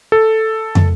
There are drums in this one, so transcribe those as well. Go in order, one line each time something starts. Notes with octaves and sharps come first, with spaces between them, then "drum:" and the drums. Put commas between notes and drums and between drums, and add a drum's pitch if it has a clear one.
A4
drum: tom